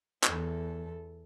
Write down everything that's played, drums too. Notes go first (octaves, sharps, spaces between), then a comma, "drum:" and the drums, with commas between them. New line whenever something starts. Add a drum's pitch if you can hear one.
E2 A4, drum: clap